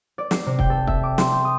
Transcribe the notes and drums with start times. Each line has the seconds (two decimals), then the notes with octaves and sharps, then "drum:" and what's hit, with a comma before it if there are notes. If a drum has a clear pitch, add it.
0.18 D5
0.31 C7, drum: snare
0.46 C3
0.59 G5, drum: kick
0.70 A4
0.87 E5, drum: kick
1.03 D6
1.18 C6, drum: snare
1.32 G5
1.45 D#6